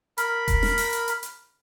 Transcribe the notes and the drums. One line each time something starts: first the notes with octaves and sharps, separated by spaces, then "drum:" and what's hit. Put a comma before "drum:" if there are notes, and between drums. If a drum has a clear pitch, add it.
A#4 B5, drum: hi-hat
drum: kick E1, hi-hat
drum: snare
drum: open hi-hat
drum: hi-hat
drum: hi-hat
drum: hi-hat